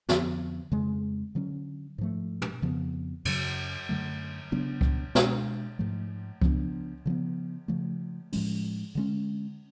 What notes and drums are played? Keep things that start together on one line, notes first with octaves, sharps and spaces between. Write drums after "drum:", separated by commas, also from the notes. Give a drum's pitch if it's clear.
F2 D3 F3 B3, drum: snare
F2 C#3 G#3
D3 F#3 C#4
G#2 F3 A3
drum: tom
F2 C#3 F3 B3
F#2 C#3 F#3, drum: cymbal
F#2 D3 F#3 A3
C#3 F#3 B3 D4
drum: kick C#2
B2 G#3 D4, drum: snare
G#2 F3 A3
C#3 F3 B3 D4, drum: kick C#2
C#3 F3 B3
C#3 F3 A3
A2 F3 G#3 C#4, drum: open hi-hat
D3 G#3 C#4